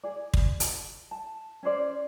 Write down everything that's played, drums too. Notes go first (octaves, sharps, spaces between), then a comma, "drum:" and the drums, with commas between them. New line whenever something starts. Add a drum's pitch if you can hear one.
G#4 D5
drum: kick
drum: hi-hat
A5
C#4 G#4 C5 D5